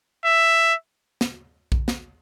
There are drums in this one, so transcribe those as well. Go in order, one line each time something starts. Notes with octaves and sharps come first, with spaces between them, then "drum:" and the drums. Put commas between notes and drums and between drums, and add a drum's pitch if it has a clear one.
E5
drum: snare
drum: kick A#1
drum: snare